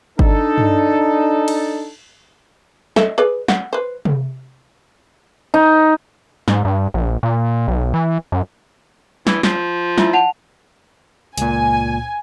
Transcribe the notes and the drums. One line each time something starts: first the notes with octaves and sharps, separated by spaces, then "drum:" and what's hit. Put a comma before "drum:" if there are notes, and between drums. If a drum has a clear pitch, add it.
D4 D#4 A4, drum: kick G1
drum: tom G2
drum: cymbal
A4 D#5 E5, drum: snare
G#4 B4 D5
F#5, drum: snare
B4 C5
drum: tom C3
D#4
G#2, drum: snare
G2
A#1
A#2
B1
E3
F#2
E3, drum: snare
F3, drum: snare
E4 F4 E5, drum: snare
F#5 A5 F7
C#2 A#2 G#5, drum: hi-hat